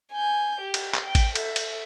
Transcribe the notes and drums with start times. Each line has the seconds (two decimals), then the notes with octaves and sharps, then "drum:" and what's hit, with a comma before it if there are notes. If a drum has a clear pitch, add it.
0.12 G#5 G6
0.61 G4
0.74 drum: cymbal
0.94 drum: clap
1.05 G5
1.15 drum: kick A1, cymbal
1.35 A4 E5, drum: cymbal
1.56 drum: cymbal